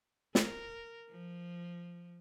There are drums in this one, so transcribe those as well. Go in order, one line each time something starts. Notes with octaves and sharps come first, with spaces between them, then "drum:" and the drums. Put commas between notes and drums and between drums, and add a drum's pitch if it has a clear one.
A#4, drum: snare
F3